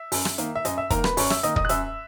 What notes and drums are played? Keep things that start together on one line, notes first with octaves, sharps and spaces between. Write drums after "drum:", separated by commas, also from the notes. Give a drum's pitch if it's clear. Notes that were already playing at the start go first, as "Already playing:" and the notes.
Already playing: E5
F#2, drum: open hi-hat
drum: rim click
D#3 A#3, drum: hi-hat
E5
F#2 D#5, drum: hi-hat
E5
D#3 A#3 A#4 A#5, drum: kick, hi-hat
B4 B5, drum: rim click
F#2 C#5 C#6, drum: open hi-hat
E5 E6, drum: rim click
D#3 A#3 D#5 D#6, drum: hi-hat
D#5 D#6, drum: kick
F#6
F#2 E5 E6, drum: hi-hat